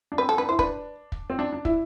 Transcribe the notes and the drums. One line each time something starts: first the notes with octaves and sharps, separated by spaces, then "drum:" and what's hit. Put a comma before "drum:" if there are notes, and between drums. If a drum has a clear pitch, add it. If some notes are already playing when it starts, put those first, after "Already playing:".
D4
C4 B4
C4 A4
D4 B4
E4 C5
D4 B4, drum: kick
drum: kick
C4
D4
D4
E4, drum: kick